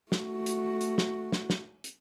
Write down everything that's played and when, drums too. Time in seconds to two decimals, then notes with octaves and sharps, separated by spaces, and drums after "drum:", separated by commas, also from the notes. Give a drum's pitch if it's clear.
0.12 A3 F#4, drum: snare
0.46 drum: hi-hat
0.81 drum: hi-hat
0.98 drum: snare
1.32 drum: snare
1.50 drum: snare
1.84 drum: hi-hat